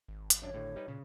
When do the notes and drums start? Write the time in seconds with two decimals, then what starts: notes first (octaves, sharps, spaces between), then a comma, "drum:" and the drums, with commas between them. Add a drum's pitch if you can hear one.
0.08 G#1
0.30 drum: hi-hat
0.42 F#2 D4 C#5
0.54 A2 D3
0.76 G3 D#4 B4
0.88 A#2 C#3